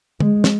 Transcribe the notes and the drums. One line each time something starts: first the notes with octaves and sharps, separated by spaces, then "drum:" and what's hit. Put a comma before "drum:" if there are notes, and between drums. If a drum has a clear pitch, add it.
G#3, drum: tom
drum: snare